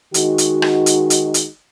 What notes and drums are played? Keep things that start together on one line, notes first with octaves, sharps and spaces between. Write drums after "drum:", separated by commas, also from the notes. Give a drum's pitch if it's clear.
D#3 G#3 D#4 F#4, drum: hi-hat
drum: hi-hat
drum: rim click
drum: hi-hat
drum: hi-hat
drum: hi-hat